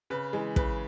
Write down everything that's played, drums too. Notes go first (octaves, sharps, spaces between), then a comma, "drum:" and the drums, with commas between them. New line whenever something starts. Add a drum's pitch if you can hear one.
C#3 B4
E3 G#3
C#3 B4, drum: kick